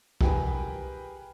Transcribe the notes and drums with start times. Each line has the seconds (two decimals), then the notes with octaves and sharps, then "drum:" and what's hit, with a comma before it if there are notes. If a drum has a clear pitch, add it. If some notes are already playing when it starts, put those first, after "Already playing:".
0.21 G4 G#4 A#4 B4 G5 G#5, drum: kick